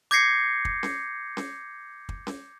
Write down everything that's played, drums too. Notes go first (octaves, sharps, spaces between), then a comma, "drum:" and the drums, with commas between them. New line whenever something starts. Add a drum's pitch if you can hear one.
D6 G6 G#6 A#6 C7 C#7
drum: kick
drum: snare C#4
drum: snare C#4
drum: kick
drum: snare C#4